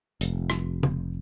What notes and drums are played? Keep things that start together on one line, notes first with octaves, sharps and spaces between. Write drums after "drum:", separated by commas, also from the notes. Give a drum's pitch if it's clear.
F1, drum: hi-hat
drum: rim click
drum: tom C#3